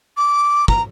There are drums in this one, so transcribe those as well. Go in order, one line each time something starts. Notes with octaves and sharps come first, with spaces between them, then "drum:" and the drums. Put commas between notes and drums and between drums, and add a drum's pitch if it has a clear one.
D6
A#5, drum: kick